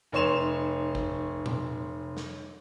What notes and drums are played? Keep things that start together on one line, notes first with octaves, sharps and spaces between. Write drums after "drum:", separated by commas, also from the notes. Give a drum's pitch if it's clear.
F1 D#4 C#5 C6 E7 F7
drum: kick
drum: tom A#2
drum: snare